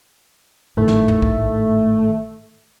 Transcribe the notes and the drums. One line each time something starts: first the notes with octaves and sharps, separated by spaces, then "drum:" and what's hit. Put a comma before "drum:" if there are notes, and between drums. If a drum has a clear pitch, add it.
G#1 A2 D#3 A3
drum: snare
drum: tom
drum: kick